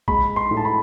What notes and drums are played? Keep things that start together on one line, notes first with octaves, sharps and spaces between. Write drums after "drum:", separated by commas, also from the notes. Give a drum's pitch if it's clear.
G#3 B5, drum: kick A#1
C6
A2
A5
B5